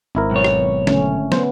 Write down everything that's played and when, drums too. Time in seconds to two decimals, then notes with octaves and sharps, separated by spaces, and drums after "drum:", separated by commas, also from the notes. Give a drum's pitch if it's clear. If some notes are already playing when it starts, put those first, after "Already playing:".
0.15 G#1 C4 E4 A#4
0.31 B1 C#5
0.44 drum: rim click
0.87 D3 A3 C#4, drum: snare
1.32 B3 C5, drum: snare